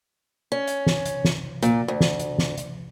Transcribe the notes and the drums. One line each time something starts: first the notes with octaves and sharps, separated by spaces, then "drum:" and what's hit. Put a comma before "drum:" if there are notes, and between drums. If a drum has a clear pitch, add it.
C#4
drum: hi-hat
drum: snare
drum: hi-hat
drum: snare
A#2, drum: hi-hat
D2
drum: snare
drum: hi-hat
drum: snare
drum: hi-hat